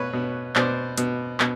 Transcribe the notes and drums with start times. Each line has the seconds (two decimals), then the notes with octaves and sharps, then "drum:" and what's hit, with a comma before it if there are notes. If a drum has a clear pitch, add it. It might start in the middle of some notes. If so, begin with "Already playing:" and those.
Already playing: B2 B4 C#5
0.13 B2
0.56 B2 C5 D5, drum: clap
0.98 B2, drum: hi-hat
1.40 B2, drum: clap